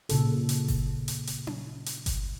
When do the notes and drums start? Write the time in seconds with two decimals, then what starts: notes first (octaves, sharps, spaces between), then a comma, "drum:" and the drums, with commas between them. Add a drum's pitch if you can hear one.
0.09 A#2 C#3 A4, drum: hi-hat
0.49 drum: hi-hat
0.68 drum: kick G1, open hi-hat
1.08 drum: hi-hat
1.27 drum: hi-hat
1.47 drum: tom C#4
1.86 drum: hi-hat
2.06 drum: kick G1, hi-hat